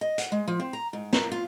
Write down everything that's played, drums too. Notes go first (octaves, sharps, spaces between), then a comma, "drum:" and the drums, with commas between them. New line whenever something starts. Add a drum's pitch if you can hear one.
D#5
F#5, drum: hi-hat
G#3
F3
C4
A#5
G#2
A#3, drum: snare
F4